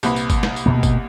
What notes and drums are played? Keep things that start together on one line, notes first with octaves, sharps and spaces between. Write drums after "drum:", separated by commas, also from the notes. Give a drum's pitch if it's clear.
C2 A#2 B4, drum: tambourine
drum: tambourine
drum: kick, tambourine
drum: snare
drum: tambourine
D2 B2 A#3
drum: kick, tambourine